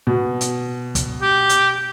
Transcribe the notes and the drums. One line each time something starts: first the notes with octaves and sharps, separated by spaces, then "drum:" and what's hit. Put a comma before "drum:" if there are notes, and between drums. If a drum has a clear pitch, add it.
B2
drum: hi-hat
drum: kick, hi-hat
G4
drum: hi-hat